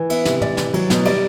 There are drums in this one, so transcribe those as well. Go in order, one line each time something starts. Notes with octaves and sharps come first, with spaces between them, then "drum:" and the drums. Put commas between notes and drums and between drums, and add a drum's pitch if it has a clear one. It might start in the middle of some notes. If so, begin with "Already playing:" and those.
Already playing: E3
B3 E5, drum: cymbal
C3, drum: snare
E3 D5, drum: tom
E3, drum: snare
F#3, drum: cymbal
B2, drum: snare
G3 D5, drum: cymbal